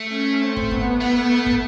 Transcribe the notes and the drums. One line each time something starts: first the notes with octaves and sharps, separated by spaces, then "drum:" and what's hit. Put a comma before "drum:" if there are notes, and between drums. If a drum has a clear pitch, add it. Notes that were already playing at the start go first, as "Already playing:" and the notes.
Already playing: A3
C#4
C4
drum: kick
B3, drum: kick
A3
drum: kick